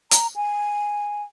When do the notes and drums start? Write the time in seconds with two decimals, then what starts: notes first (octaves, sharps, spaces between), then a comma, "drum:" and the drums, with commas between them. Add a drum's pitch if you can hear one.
0.11 A#5, drum: hi-hat
0.36 G#5